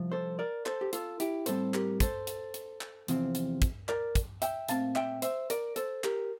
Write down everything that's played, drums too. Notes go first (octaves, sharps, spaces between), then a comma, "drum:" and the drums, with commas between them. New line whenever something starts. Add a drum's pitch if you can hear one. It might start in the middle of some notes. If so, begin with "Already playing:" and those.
Already playing: C2 F3
A4 C5
A#4 D5
A4 C5, drum: clap
G4
F4 A4, drum: hi-hat
E4 G4, drum: hi-hat
A2 G3 C4 A4 C5, drum: hi-hat
G4 A#4, drum: clap
A4 C5, drum: kick, hi-hat
drum: hi-hat
drum: hi-hat
drum: clap
E2 C3 F3 C4, drum: hi-hat
drum: hi-hat
drum: kick, hi-hat
A#4 D5, drum: clap
drum: kick, hi-hat
E5 G5, drum: hi-hat
A#2 A3 C4 F5 A5, drum: hi-hat
E5 G5, drum: clap
C5 E5, drum: hi-hat
A#4 D5, drum: hi-hat
A4 C5, drum: hi-hat
G4 A#4, drum: clap